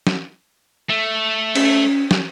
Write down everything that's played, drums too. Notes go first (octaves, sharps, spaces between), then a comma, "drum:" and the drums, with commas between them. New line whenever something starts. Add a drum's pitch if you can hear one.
drum: snare
A3
C#4, drum: cymbal
drum: snare